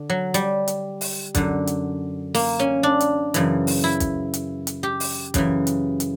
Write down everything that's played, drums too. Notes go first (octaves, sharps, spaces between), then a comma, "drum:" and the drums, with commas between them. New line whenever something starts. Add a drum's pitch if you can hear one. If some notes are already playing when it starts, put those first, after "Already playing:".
Already playing: D3
F#3
G3, drum: hi-hat
drum: hi-hat
drum: open hi-hat
F#2 D3, drum: kick, hi-hat
drum: hi-hat
A#3, drum: open hi-hat
C#4
D4
drum: hi-hat
F#2 C#3 E3, drum: hi-hat
drum: open hi-hat
E4
drum: kick, hi-hat
drum: hi-hat
drum: hi-hat
G4
drum: open hi-hat
F#2 C#3 E3, drum: kick, hi-hat
drum: hi-hat
drum: hi-hat